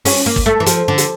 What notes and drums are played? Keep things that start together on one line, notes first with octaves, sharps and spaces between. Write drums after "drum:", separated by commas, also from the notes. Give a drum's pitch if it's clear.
C#4, drum: open hi-hat
A#3
drum: kick
A3
E3
F3, drum: hi-hat
D3
drum: hi-hat